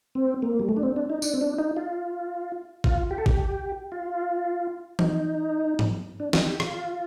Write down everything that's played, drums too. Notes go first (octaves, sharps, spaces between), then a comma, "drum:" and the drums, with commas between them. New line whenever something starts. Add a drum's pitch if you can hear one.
C4
A#3
G3
A3
D4
C4
D4
D#4
D4, drum: tambourine
C4
D4
D#4
F4
F4, drum: kick A1
G4
A4
G4, drum: kick A1
F4
D#4, drum: tom E3
drum: tom G#2
D4
D#4, drum: snare
G4
F4, drum: rim click